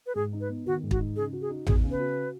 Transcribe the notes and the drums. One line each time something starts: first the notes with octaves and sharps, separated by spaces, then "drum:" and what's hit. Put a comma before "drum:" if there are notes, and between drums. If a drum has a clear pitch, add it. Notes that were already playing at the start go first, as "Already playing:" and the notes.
B4
G#2 G#4
D#4
B4
B3
D#3 F#4
G#2
F#4, drum: kick
D#4
C#3 G#4
F#4
G#4
D#4
B3 G#4, drum: tom A1
C#3
B4
F#4